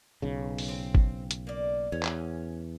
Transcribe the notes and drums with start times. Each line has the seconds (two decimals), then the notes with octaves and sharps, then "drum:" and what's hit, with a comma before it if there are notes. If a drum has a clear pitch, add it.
0.22 B1 C#3
0.58 drum: open hi-hat
0.69 C4
0.95 drum: kick G#1
1.31 drum: hi-hat
1.47 A#3 D5
1.92 E2 C#4
2.03 drum: clap